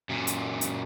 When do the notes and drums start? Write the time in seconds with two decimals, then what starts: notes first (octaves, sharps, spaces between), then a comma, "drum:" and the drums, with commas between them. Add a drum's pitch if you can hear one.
0.10 F#2 A#2
0.27 drum: hi-hat
0.61 drum: hi-hat